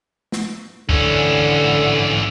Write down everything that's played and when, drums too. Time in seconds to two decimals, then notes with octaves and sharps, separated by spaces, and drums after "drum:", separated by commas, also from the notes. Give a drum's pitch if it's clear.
0.32 drum: snare
0.89 D3 E3 C#4, drum: kick C#2